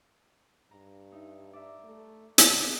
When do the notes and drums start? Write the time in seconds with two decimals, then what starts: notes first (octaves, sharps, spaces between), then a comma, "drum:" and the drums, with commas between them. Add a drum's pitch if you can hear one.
0.71 G2 A#5
1.12 D#4 E5
1.53 D5 E5 A#5
1.84 A3
2.38 C3, drum: hi-hat